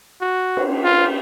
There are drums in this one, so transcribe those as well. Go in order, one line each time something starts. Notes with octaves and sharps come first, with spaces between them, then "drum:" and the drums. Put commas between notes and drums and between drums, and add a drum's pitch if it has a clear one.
F#4
drum: cymbal
F4